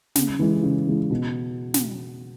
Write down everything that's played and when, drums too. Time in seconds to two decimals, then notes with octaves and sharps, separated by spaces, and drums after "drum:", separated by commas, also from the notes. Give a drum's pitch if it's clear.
0.15 C#3, drum: snare
0.39 E3 G#3
0.63 C#3
0.87 E3 G#3
1.10 B2
1.74 drum: snare